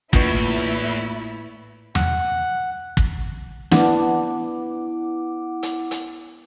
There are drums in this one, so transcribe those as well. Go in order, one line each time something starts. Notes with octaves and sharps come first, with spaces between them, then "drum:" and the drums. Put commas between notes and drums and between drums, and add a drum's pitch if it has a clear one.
E2 A2 A#3 E4 F4 B4 C#6, drum: kick
F#5, drum: tom E2
drum: kick
B3 D4 E4 F#5 D6, drum: snare
drum: hi-hat
drum: hi-hat